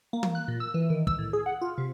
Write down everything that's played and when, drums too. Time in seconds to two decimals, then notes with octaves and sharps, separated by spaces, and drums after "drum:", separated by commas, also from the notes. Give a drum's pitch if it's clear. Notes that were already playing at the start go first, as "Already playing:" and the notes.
0.13 A#3
0.23 drum: tom E3
0.35 F#6
0.48 A#2
0.60 E6
0.74 E3
0.90 D#3
1.07 E6, drum: kick
1.18 A2
1.33 G#4
1.46 F#5
1.61 F4
1.78 C3